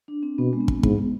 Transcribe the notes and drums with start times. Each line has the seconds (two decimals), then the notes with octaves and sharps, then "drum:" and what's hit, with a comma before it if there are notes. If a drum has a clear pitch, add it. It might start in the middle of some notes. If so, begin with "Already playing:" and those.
0.08 D4
0.23 C4
0.38 B2 B3
0.53 G#3
0.60 C4
0.68 B3, drum: kick
0.83 G#2 B3, drum: kick
0.98 B3